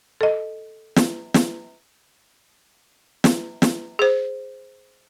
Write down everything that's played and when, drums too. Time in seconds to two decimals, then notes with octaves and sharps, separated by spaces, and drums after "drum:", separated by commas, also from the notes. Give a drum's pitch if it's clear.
0.21 A4 D#5
0.96 drum: snare
1.34 drum: snare
3.24 drum: snare
3.62 drum: snare
3.99 G#4 C5